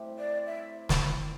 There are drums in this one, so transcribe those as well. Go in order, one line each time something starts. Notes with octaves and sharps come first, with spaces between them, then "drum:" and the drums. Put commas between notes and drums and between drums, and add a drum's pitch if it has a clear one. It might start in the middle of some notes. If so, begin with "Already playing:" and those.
Already playing: A2 G3 C4 G4
D5
E5
drum: snare